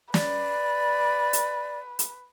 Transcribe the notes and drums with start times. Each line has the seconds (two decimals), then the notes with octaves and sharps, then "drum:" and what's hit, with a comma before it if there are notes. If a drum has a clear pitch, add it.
0.14 B4 D5, drum: snare
1.33 drum: hi-hat
1.99 drum: hi-hat